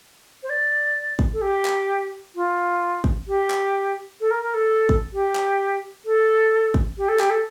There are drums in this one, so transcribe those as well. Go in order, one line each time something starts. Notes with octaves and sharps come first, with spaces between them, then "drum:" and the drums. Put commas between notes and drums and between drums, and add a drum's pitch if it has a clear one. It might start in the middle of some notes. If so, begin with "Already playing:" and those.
C5
D5
drum: kick
A4
G4
drum: clap
F4
drum: kick
G4
drum: clap
A4
A#4
A#4
A4
drum: kick
G4
drum: clap
A4
drum: kick
G4
A4
G4, drum: clap
A4